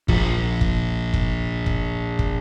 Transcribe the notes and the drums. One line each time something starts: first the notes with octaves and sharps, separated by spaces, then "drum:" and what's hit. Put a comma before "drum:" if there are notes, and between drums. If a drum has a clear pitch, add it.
A#1 F3, drum: kick
drum: kick
drum: kick
drum: kick
drum: kick